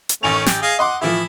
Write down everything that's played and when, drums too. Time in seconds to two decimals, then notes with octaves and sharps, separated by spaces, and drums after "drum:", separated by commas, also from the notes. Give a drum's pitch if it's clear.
0.09 drum: hi-hat
0.23 A1 D#3 A3 C#4 G#5 F7
0.46 G4, drum: snare
0.62 G#4 D#5 F5
0.79 D#5 F#5 C6 D6
1.01 A2 E3 F3 E4